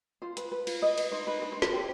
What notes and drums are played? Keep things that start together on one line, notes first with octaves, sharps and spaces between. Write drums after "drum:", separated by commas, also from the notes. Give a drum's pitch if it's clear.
F4 C5
B4, drum: hi-hat
B4
F4, drum: cymbal
B4 D#5
B4, drum: cymbal
D#4 C5
D#4 B4
D4 B4
C5
D4
B4, drum: snare
G4 C5